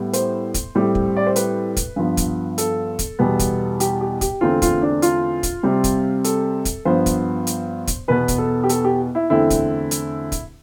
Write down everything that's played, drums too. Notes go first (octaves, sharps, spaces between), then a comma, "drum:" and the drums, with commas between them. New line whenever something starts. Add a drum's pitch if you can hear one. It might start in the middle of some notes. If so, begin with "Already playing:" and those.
Already playing: A2 G3 B3
C5, drum: hi-hat
drum: kick, hi-hat
A2 G3 C4
drum: kick
D5
C5
B4, drum: hi-hat
drum: kick, hi-hat
G2 F3 B3
drum: kick, hi-hat
A4, drum: hi-hat
drum: kick, hi-hat
E2 B2 G3 B3
drum: kick, hi-hat
G4, drum: hi-hat
G4
G4, drum: kick, hi-hat
E2 D3 A3 C4 F4
F4, drum: kick, hi-hat
D4
F4, drum: hi-hat
drum: kick, hi-hat
C3 G3 C4
drum: kick, hi-hat
A4, drum: hi-hat
drum: kick, hi-hat
G2 F3 B3 C5
drum: kick, hi-hat
drum: hi-hat
drum: kick, hi-hat
E2 B2 B3 B4
drum: kick, hi-hat
A4
G4
A4, drum: hi-hat
G4
E4
E2 D3 A3 C4 E4
drum: kick, hi-hat
drum: hi-hat
drum: kick, hi-hat